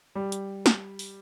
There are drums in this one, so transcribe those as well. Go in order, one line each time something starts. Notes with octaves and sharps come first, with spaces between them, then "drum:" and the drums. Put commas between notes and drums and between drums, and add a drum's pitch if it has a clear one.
G3
drum: hi-hat
drum: snare
drum: open hi-hat